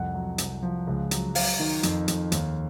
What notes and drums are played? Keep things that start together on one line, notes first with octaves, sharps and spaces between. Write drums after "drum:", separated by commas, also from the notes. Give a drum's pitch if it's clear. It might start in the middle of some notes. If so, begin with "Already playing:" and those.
Already playing: C2 F2 F#5
F#3
C2, drum: hi-hat
F3
C#2
F#3, drum: hi-hat
F#3 F5, drum: open hi-hat
D#3
F2, drum: hi-hat
F2, drum: hi-hat
D#2, drum: hi-hat